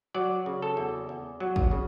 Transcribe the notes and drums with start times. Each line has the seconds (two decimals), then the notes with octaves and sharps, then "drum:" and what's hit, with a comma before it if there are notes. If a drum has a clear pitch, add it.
0.14 F#3 D5
0.46 C#3
0.62 A4
0.77 E2
1.09 E2
1.40 F#3
1.56 drum: kick
1.71 C#3